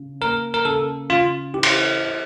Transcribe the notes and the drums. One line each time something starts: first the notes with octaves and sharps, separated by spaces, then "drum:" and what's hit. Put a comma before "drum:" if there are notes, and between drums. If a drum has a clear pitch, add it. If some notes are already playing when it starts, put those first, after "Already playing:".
Already playing: C#3
A#3 A#4
A#4
C#3 A4
C#3 F4
E3 G4
drum: cymbal